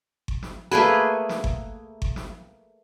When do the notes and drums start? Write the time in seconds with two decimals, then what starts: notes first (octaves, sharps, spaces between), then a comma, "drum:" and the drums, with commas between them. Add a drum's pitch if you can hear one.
0.28 drum: kick G1
0.43 drum: snare
0.71 A3 A#3 G#4 B4
1.29 drum: snare
1.44 drum: kick G1
2.02 drum: kick G1
2.16 drum: snare